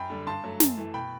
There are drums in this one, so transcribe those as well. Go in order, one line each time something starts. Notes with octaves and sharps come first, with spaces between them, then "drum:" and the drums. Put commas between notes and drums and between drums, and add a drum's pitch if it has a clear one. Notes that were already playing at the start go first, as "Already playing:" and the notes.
Already playing: F#2 G5 B5
D3 G3
G2 A5 C6
F#3 A3
F#2, drum: snare
E3 A3
B2 G5 B5